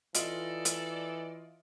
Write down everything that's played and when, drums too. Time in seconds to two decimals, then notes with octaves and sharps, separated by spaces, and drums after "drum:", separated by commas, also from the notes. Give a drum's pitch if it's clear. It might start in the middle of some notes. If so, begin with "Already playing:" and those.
0.15 E3 F4 A4 D5 D#5, drum: hi-hat
0.65 drum: hi-hat